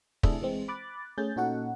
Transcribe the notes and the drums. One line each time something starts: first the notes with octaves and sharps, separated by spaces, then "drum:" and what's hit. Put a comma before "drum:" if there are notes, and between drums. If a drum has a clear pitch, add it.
C3 A3 D4 E4 G#4 A4, drum: kick
E3 G#3 C4
B5 D6 F#6 A6
A3 C#4 G#4 G6 A6
A#2 C#4 D#4 F#4 A4 F#5